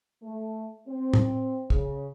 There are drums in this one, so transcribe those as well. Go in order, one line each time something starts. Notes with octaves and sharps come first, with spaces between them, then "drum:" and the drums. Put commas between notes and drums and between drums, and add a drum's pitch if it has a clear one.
A3
C4
drum: tom
C#3, drum: kick